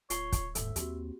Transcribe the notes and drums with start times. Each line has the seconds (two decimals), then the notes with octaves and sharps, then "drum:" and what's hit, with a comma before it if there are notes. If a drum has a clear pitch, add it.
0.10 D1 F4 C#5 C7 G7, drum: hi-hat
0.32 drum: kick, hi-hat
0.55 D#2 G#2 A4 E5, drum: hi-hat
0.76 D#2 A#3 C4 F#4 G4, drum: hi-hat